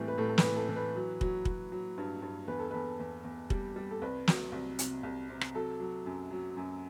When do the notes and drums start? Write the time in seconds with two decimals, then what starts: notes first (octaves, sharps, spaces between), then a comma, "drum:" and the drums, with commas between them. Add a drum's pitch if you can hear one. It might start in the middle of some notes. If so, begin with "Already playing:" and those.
Already playing: A2 E3 G3 C4
0.08 B4
0.18 A2 A4
0.29 A4
0.38 B4, drum: snare
0.44 E3
0.56 A4
0.69 E3
0.76 B4
0.95 F#3
1.21 F#3, drum: kick
1.45 F#3, drum: kick
1.72 F#3
1.98 G2
2.22 G2
2.48 E2 B4
2.59 A4
2.71 E2 B4
2.99 E2
3.24 E2
3.50 G3, drum: kick
3.76 G3
3.91 A4
4.02 C2 B4
4.28 F#3, drum: snare
4.52 C2
4.79 C3, drum: hi-hat
5.03 C2
5.29 C3
5.41 drum: rim click
5.54 F#3 A4
5.80 F#3
6.06 F#2
6.31 F#3
6.57 F#2